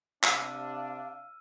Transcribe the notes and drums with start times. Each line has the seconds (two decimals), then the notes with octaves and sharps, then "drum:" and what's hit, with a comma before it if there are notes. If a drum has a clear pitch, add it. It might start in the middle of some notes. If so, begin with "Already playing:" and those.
0.23 C3 D4 F5 E6 F6 D#7, drum: clap